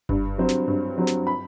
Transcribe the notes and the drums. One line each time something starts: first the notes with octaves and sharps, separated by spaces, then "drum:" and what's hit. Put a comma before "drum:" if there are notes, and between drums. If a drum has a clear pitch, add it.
G2, drum: kick F#1
F#3 C4
drum: snare
G2
F#3 C4
drum: snare
B5